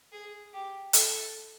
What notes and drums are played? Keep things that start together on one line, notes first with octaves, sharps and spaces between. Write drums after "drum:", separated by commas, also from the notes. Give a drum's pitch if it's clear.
G#4
G4
A4, drum: hi-hat